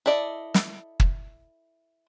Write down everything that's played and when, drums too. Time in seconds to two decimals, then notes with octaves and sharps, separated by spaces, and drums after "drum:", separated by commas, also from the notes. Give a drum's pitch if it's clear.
0.06 E4 A4 D5 D#5
0.54 drum: snare
1.00 drum: kick